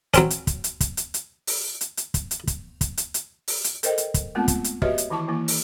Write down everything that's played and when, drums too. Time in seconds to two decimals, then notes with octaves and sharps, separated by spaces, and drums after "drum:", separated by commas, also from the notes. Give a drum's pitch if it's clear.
0.14 F#3 C4 C#4, drum: kick, hi-hat
0.30 drum: hi-hat
0.47 drum: kick, hi-hat
0.64 drum: hi-hat
0.81 drum: kick, hi-hat
0.97 drum: hi-hat
1.14 drum: hi-hat
1.47 drum: open hi-hat
1.81 drum: hi-hat
1.97 drum: hi-hat
2.14 drum: kick, hi-hat
2.31 drum: hi-hat
2.47 drum: kick, hi-hat
2.81 drum: kick, hi-hat
2.97 drum: hi-hat
3.14 drum: hi-hat
3.48 drum: open hi-hat
3.64 drum: hi-hat
3.83 A4 A#4 C5 D#5 G5, drum: hi-hat
3.98 drum: hi-hat
4.14 drum: kick, hi-hat
4.35 G#3 A3 B3 C4 F4
4.48 drum: kick, hi-hat
4.64 drum: hi-hat
4.82 F#4 G4 B4 C#5 D#5 E5, drum: kick
4.98 drum: hi-hat
5.10 D#3 E3 E4 A5 D6
5.28 E3 A#3 E4
5.48 drum: open hi-hat